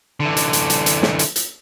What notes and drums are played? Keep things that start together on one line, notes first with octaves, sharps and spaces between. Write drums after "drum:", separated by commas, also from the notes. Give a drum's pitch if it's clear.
D3 E3
drum: hi-hat
drum: hi-hat
drum: hi-hat
drum: hi-hat
drum: snare
drum: hi-hat
drum: hi-hat